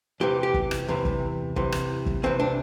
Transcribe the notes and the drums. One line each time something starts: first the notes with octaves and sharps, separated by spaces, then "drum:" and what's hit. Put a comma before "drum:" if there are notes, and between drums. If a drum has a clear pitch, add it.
E2 C3 E3 G4
G4
drum: kick
drum: rim click
E2 C3 E3
drum: kick
C2 C3 E3, drum: kick
drum: rim click
drum: kick
C2 C3 E3 C4
D4